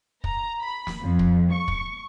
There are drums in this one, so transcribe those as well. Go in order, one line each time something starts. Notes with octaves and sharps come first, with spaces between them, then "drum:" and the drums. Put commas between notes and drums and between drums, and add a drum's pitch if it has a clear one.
A#5, drum: kick
B5
drum: snare
F2
drum: kick
C#6
drum: kick